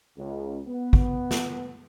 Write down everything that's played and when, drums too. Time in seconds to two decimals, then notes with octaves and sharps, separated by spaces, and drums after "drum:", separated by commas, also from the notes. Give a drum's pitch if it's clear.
0.18 C#2
0.67 B3
0.93 drum: kick
1.31 drum: snare